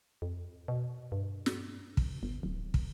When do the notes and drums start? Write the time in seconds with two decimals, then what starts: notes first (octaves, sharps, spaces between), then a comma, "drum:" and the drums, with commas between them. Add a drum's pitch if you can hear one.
0.22 F2
0.68 B2
1.12 G2
1.46 drum: snare
1.97 drum: kick
2.23 G1
2.43 D1
2.74 drum: kick